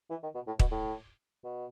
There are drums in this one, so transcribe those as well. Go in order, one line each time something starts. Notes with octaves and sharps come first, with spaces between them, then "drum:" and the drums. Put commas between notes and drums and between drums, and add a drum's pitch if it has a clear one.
E3
D#3
B2
A2
B2, drum: kick
A2
B2